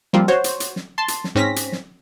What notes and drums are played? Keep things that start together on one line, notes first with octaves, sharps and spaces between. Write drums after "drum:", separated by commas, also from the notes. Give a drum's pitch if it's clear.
F3 G3 A#3 C4 F4
F#4 C5 C#5, drum: snare
drum: hi-hat
drum: hi-hat
drum: snare
A5 C6
drum: hi-hat
drum: snare
G#2 C4 C#4 A#6 B6
drum: hi-hat
drum: snare